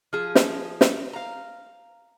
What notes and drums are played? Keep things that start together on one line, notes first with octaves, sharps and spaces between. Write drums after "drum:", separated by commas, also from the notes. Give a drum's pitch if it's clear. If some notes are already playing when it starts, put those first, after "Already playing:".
F3 G#4
drum: snare
drum: snare
F5 A#5